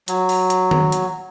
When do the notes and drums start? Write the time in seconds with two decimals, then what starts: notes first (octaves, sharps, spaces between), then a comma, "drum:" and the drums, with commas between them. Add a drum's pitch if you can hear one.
0.08 F#3, drum: hi-hat
0.29 drum: open hi-hat
0.50 drum: hi-hat
0.71 drum: tom D#3
0.92 drum: hi-hat